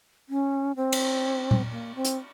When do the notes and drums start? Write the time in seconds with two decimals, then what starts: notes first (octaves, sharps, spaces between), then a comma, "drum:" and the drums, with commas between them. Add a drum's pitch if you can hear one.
0.29 C#4
0.77 C4
0.92 drum: cymbal
1.51 drum: tom A#2
1.72 A#3
1.95 C4
2.05 drum: hi-hat